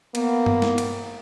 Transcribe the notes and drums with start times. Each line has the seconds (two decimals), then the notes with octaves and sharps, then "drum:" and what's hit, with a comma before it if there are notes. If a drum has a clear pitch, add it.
0.15 A#3 B3, drum: cymbal
0.46 drum: tom G2
0.62 drum: snare
0.78 drum: cymbal